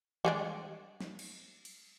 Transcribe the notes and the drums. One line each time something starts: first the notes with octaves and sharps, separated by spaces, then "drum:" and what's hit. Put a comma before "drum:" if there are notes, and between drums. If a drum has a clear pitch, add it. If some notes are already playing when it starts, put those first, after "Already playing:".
G3 G#3 D4, drum: tom D#3
drum: snare
drum: cymbal
drum: cymbal